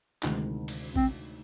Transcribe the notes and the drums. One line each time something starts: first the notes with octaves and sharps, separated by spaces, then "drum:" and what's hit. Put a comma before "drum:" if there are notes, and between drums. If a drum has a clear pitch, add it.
D2 C3 D#3 G#3, drum: clap
drum: cymbal
C4, drum: kick A1